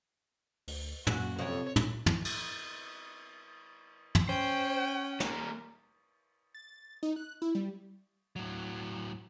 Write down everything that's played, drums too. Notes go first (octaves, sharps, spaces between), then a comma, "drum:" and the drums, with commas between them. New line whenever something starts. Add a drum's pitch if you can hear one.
D2, drum: open hi-hat
F#2 A#3 F#4, drum: tom
F2 C3 C#5
drum: tom
drum: tom
drum: cymbal
drum: tom
C#4 C5 G5
G3 A#3, drum: snare
A6
D#4
F#6
E4
G3
A2 F#3